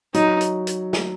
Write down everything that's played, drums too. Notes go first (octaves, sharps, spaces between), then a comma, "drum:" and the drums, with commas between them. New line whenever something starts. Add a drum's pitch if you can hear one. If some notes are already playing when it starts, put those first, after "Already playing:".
F#3 D#4, drum: hi-hat
drum: hi-hat
drum: hi-hat
drum: snare